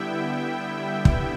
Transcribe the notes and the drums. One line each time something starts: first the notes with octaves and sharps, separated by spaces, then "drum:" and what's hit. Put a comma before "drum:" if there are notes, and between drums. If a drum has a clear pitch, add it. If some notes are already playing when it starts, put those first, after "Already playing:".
Already playing: D3 G3 B3 E4 E5 G5
drum: kick